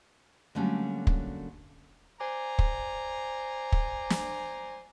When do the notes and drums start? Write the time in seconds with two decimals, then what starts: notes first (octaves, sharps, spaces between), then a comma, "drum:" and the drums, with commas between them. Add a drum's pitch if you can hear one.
0.55 D3 F#3 G3 A3 A#3 C#4
1.07 drum: kick
2.21 C5 D5 G#5 A#5
2.59 drum: kick
3.72 drum: kick
4.10 drum: snare